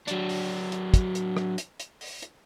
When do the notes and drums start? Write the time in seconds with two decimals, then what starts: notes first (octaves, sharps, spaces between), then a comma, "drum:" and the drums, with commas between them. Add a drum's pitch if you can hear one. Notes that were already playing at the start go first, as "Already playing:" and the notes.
0.08 F#3 D4, drum: hi-hat
0.29 drum: open hi-hat
0.72 drum: hi-hat
0.94 drum: kick, hi-hat
1.15 drum: hi-hat
1.37 drum: rim click
1.58 drum: hi-hat
1.80 drum: hi-hat
2.01 drum: open hi-hat
2.22 drum: hi-hat